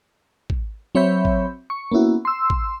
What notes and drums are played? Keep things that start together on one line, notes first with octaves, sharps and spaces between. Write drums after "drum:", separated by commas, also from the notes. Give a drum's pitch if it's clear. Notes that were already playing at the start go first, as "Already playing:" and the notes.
drum: kick
F#3 C4 C#5 E5 B5 G6
drum: kick
C#6
A#3 B3 C#4 E4 F#4
C6 E6
drum: kick